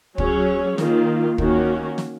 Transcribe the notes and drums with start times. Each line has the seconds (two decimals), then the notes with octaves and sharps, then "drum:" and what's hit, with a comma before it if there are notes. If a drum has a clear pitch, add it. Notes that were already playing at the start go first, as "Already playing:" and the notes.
0.18 F#3 C#4 G#4 C#5, drum: kick
0.78 D#3 A#3 F4, drum: snare
1.38 D#3 A#3 C#4 F#4, drum: kick
1.98 drum: snare